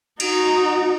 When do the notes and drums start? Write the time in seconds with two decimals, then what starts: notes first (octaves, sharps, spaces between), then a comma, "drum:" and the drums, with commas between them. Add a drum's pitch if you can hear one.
0.20 D#4 F#4, drum: cymbal